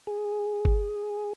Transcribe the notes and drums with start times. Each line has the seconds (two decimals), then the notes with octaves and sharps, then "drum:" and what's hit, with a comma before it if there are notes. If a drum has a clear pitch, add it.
0.07 G#4
0.65 drum: kick G1